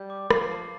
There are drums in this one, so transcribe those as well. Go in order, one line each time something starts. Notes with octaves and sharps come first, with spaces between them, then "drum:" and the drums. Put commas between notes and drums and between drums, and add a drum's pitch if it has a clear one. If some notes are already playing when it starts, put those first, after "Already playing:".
Already playing: G3 G6
D6
F3 C7, drum: rim click
A5